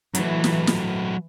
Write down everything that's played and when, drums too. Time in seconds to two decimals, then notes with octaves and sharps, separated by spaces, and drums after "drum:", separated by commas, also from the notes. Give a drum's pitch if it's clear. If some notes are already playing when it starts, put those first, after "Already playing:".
0.15 E3 F#3 A3, drum: hi-hat
0.44 drum: snare
0.67 drum: snare